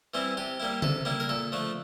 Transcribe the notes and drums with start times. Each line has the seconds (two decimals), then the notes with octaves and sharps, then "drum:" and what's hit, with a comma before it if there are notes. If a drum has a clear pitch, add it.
0.14 E3 G3 C4 E4
0.37 C3 G4
0.60 G3 A#3 E4
0.82 C3 A4, drum: tom C#3
1.05 G3 A#3 E4
1.20 A#4
1.29 A#2 A4
1.52 F3 A3 D4